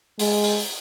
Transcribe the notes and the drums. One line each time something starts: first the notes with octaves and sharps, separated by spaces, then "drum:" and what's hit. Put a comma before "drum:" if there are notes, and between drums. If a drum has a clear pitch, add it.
G#3, drum: open hi-hat
drum: open hi-hat